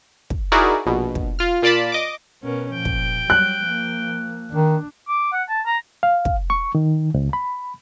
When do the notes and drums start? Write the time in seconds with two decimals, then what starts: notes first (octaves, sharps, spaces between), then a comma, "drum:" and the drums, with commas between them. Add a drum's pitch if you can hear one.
0.30 drum: kick
0.52 D#4 E4 F#4 G#4 A#4 D5
0.86 A#1 B2
1.15 drum: kick
1.39 F4 F6
1.62 A#2 F4 D5 A5 B5
1.92 D#5 D6
2.43 B2 B3 C#4 A#4
2.73 A#2 F3 G5
2.85 drum: kick
3.30 F#3 G3 F#6
3.63 F3 A#3
4.52 D#3 D4
5.08 D6
5.33 F#5
5.49 A5
5.66 A#5
6.03 F5
6.25 drum: kick
6.50 C#6
6.75 D#3
7.14 C#2
7.33 B5